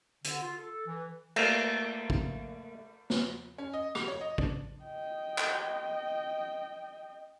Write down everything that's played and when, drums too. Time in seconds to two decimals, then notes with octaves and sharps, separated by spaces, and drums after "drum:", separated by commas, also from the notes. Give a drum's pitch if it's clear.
0.24 D3, drum: hi-hat
0.42 F4
0.57 A4
0.87 E3
1.36 A3 A#3, drum: cymbal
2.10 drum: kick
3.10 drum: snare
3.58 C#4
3.74 D#5
3.95 F7, drum: rim click
4.08 C#5
4.21 D#5
4.38 D4, drum: kick
4.82 D#5 G5
5.38 drum: clap